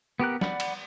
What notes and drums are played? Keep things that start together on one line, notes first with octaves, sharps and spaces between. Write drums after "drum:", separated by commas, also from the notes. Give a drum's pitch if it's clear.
B3 G4 A#4 F#6
D5 F#5 B5, drum: snare
drum: cymbal